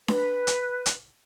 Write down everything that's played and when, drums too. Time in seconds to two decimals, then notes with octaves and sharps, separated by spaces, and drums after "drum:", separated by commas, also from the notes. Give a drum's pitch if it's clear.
0.08 B4, drum: snare D4
0.47 drum: hi-hat
0.86 drum: hi-hat